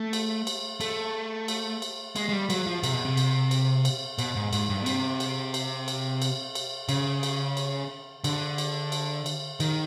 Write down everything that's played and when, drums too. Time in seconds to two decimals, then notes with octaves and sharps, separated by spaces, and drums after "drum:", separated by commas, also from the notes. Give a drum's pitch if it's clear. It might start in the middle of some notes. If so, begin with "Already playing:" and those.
Already playing: A3
0.13 drum: cymbal
0.47 drum: cymbal
0.81 A3, drum: cymbal
1.48 drum: cymbal
1.82 drum: cymbal
2.16 G#3, drum: cymbal
2.29 G#3
2.33 G3
2.50 F#3, drum: cymbal
2.67 F3
2.83 C3, drum: cymbal
2.94 B2
3.05 C3
3.17 drum: cymbal
3.51 drum: cymbal
3.85 drum: cymbal
4.19 B2, drum: cymbal
4.36 G#2
4.53 G#2, drum: cymbal
4.69 G2
4.82 B2
4.86 C3, drum: cymbal
5.20 drum: cymbal
5.54 drum: cymbal
5.88 drum: cymbal
6.22 drum: cymbal
6.55 drum: cymbal
6.89 C#3, drum: cymbal
7.23 drum: cymbal
7.57 drum: cymbal
8.24 D3, drum: cymbal
8.58 drum: cymbal
8.92 drum: cymbal
9.26 drum: cymbal
9.60 D#3, drum: cymbal